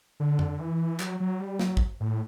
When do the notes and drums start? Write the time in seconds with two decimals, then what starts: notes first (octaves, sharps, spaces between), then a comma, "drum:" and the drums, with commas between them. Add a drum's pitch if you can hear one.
0.20 D3
0.39 drum: tom F2
0.60 E3
1.00 F#3, drum: clap
1.20 F#3
1.40 G3
1.59 F#3, drum: snare
1.77 drum: kick
2.00 A2